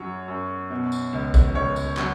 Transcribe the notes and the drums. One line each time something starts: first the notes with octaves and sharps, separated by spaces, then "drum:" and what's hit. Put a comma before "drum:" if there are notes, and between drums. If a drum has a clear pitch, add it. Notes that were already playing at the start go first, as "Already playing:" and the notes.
Already playing: F#2 F#3 C#5
F#2
B2
drum: tambourine
C#2
drum: kick A#1, tambourine
C#2 C#5
drum: tambourine
F#3, drum: clap